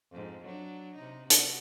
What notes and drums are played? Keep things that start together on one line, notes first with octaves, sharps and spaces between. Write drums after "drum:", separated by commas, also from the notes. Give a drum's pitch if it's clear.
F2 G#2
F#3 D4
C3 D#4
F#4, drum: hi-hat